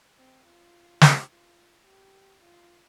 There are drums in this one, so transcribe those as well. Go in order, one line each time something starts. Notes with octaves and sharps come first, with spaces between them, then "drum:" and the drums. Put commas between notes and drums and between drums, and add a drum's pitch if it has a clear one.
C4
F4
drum: snare
F4
G4
F4